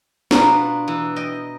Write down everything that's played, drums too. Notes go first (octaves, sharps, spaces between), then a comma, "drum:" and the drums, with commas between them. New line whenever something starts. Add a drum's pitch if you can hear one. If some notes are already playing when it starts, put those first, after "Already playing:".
B2 D4 F4 A#5, drum: snare
E3
D#5 G5